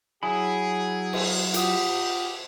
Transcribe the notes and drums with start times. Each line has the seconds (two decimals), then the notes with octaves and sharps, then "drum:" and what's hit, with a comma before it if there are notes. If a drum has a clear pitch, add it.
0.23 F#3 E4 G#4 G#5 B5 D#6
1.13 drum: cymbal
1.54 F4 G4 F#5 D#6, drum: hi-hat